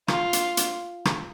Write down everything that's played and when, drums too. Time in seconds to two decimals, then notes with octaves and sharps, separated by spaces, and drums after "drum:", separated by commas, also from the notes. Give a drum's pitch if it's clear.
0.08 F4, drum: rim click
0.33 drum: hi-hat
0.57 drum: hi-hat
1.05 drum: rim click